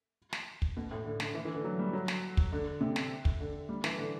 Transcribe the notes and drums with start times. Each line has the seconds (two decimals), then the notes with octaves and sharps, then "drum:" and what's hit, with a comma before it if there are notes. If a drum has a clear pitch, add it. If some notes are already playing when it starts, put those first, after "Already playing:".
0.33 drum: snare
0.62 drum: kick
0.77 B2
0.91 A2
1.06 D3
1.20 D3, drum: snare
1.34 E3
1.45 E3
1.54 D3
1.64 F#3
1.79 G3
1.93 F#3
2.08 drum: snare
2.37 drum: kick
2.52 D3
2.81 C3
2.96 drum: snare
3.25 drum: kick
3.40 D3
3.69 G3
3.84 E3, drum: snare
3.98 D3